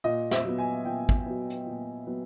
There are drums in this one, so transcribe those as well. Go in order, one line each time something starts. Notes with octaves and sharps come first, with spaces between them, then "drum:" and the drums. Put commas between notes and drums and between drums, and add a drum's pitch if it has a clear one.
A#2 D#5
E5, drum: snare
F#3 B3
G#5
A#2 G5
drum: kick
F#3 B3
drum: hi-hat
A#2
F#3 B3